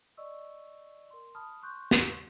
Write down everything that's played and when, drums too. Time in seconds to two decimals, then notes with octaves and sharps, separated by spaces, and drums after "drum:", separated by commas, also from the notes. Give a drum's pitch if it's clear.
0.17 D5 D#5 C#6 E6
1.11 A#4 C6
1.35 A5 B5 D#6 F6
1.62 C6 C#6 F#6 G6
1.91 drum: snare